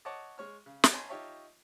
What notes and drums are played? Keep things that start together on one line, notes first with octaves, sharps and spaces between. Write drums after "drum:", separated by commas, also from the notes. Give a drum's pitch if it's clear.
C#5 D#5 F#5 A5 D6
G#3 C#5 F6
C#3
drum: snare
C#5 D#5 G#5 A5 B5 C6
D#4 F4 G4 C#5 E5 A5